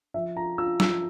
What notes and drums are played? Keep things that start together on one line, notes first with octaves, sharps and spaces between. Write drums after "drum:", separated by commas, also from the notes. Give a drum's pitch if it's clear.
F3 E5
F4 A#5
F4 E6
F3 E6, drum: snare